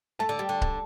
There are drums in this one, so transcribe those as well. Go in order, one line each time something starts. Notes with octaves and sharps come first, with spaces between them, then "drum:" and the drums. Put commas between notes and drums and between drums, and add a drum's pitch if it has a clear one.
A3 A5
D3
G3
D3
drum: kick C#1